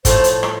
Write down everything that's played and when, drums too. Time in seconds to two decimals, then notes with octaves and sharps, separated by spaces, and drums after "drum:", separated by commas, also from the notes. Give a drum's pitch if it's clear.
0.05 A2 F3 A3 C5, drum: kick, hi-hat
0.24 drum: hi-hat
0.43 drum: rim click